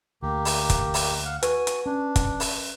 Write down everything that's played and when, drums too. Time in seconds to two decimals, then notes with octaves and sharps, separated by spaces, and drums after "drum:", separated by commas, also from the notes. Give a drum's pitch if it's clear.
0.23 D2 A#3 G4
0.45 drum: open hi-hat
0.70 drum: kick, hi-hat
0.94 drum: open hi-hat
1.26 F5 F#5
1.43 F#4 B4 G#5, drum: hi-hat
1.67 drum: hi-hat
1.86 C#4 D4
2.16 drum: kick, hi-hat
2.40 drum: open hi-hat